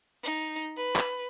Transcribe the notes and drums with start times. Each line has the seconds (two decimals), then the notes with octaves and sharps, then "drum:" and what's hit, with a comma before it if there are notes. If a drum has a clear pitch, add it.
0.23 D#4
0.77 B4
0.96 drum: clap